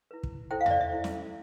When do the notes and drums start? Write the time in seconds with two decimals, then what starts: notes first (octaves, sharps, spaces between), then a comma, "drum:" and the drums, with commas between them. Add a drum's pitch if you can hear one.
0.11 E4 B4
0.23 drum: kick
0.51 E4 A4 C5 G5
0.61 F5
0.66 E5, drum: tom E2
0.70 D5
0.81 E5
0.90 E4 A4 C5
1.04 drum: snare